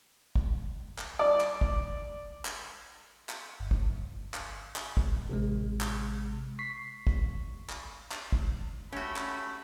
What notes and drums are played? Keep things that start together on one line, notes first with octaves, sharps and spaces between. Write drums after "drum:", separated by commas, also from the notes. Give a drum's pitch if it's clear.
drum: kick
drum: clap
D5
drum: clap
drum: kick
drum: clap
drum: clap
G1
drum: kick
drum: clap
drum: clap
drum: kick
A1 C3 G#3
drum: clap
C#6 B6 C7
drum: kick
drum: clap
drum: clap
drum: kick
A3 C#4 F#4 G4 B5
drum: clap